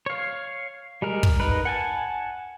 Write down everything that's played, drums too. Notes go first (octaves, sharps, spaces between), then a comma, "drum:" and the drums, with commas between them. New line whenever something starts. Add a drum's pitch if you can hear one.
C#5 F5
G3 G#3 A#4
drum: kick
D#4 A#4 B4
F#5 G#5 A5